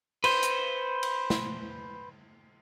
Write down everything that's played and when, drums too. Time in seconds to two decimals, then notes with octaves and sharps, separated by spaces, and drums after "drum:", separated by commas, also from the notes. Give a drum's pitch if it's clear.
0.24 B4 C5, drum: cymbal
0.43 drum: hi-hat
1.03 drum: cymbal
1.30 drum: snare